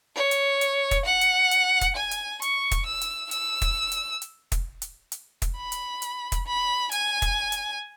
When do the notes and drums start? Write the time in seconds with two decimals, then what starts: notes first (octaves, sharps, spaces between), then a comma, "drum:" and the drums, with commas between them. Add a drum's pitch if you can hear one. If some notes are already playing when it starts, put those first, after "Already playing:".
0.16 C#5
0.31 drum: hi-hat
0.61 drum: hi-hat
0.91 drum: kick, hi-hat
1.06 F#5
1.21 drum: hi-hat
1.51 drum: hi-hat
1.81 drum: kick, hi-hat
1.96 G#5
2.11 drum: hi-hat
2.42 C#6, drum: hi-hat
2.71 drum: kick, hi-hat
2.86 E6
3.01 drum: hi-hat
3.31 E6, drum: hi-hat
3.62 drum: kick, hi-hat
3.92 drum: hi-hat
4.22 drum: hi-hat
4.52 drum: kick, hi-hat
4.82 drum: hi-hat
5.12 drum: hi-hat
5.42 drum: kick, hi-hat
5.56 B5
5.72 drum: hi-hat
6.02 drum: hi-hat
6.32 drum: kick, hi-hat
6.46 B5
6.92 G#5, drum: hi-hat
7.22 drum: kick, hi-hat
7.52 drum: hi-hat